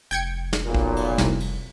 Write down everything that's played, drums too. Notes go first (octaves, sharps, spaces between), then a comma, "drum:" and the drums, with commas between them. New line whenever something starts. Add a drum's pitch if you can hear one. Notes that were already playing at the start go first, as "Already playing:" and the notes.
F1 G5 G#6 C#7
drum: snare
B1 A#2
drum: kick
drum: cymbal
C2, drum: snare
drum: cymbal